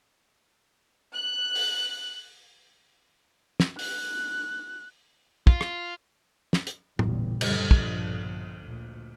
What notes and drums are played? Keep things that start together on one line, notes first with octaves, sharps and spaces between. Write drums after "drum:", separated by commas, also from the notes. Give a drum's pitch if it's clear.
F#6
drum: open hi-hat
drum: snare
F#6, drum: open hi-hat
F4, drum: kick
drum: rim click
drum: snare
drum: hi-hat
A1 E2 A#2 C#3 G3, drum: tom A2
F1 F#2 D3 G3, drum: cymbal
A#1 G2 B2 D3 F3, drum: kick
D2 A#2